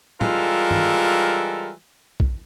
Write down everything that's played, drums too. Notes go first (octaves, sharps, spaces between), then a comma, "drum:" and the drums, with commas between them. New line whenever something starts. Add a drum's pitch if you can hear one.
E3 G3 G#3 F4 A4 A#4, drum: tom
drum: tom
drum: kick